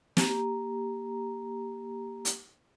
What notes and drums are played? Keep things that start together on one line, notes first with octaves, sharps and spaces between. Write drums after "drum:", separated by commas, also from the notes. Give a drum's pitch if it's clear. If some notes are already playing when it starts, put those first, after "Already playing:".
A#3 G4 A#5, drum: snare
drum: hi-hat